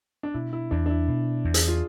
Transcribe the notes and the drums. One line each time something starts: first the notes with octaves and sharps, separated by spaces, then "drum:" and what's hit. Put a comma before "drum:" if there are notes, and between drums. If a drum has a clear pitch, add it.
D4
B2 E4
E4
E2 D4
D4
E4
B2
E2
G#4, drum: hi-hat
F4